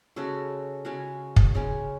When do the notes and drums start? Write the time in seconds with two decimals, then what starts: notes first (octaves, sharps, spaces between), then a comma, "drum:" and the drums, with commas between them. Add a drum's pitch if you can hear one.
0.16 C#3 G#3 C#4 F#4 A4
0.85 C#3 G#3 C#4 F#4
1.36 drum: kick
1.55 C#3 G#3 C#4